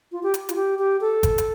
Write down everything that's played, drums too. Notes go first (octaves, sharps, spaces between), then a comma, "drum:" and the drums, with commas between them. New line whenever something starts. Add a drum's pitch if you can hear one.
F4
G4
drum: hi-hat
F4, drum: hi-hat
G4
G4
A4
drum: kick G1, hi-hat
drum: hi-hat